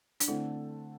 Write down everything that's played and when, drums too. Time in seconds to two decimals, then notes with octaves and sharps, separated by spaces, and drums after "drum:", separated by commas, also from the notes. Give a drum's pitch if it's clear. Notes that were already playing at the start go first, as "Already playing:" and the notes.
0.20 D4, drum: hi-hat
0.28 D3 A3 C4 E4 A4